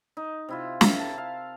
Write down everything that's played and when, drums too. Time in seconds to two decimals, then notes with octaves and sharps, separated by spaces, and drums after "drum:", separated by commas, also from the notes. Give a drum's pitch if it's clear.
0.17 D#4
0.49 C3 E4 F4
0.81 A#4 E5, drum: snare
0.99 A5
1.18 F5